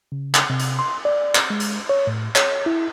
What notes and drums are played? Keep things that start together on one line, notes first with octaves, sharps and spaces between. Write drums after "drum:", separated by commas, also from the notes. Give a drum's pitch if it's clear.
C#3
drum: clap
C3
drum: hi-hat
C6
D5
drum: clap
G#3
drum: hi-hat
C#5
A2
C#5, drum: clap
E4